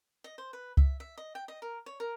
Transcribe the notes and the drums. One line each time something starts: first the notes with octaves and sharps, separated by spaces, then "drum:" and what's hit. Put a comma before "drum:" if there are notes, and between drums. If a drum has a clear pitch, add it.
D#5
C5
B4
E5, drum: kick C#2
E5
D#5
G5
D#5
A#4
C#5
A#4